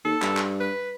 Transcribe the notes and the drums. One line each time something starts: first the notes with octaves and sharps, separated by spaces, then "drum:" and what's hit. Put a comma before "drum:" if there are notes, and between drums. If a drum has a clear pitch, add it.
D#2 A4
G2, drum: clap
drum: clap
B4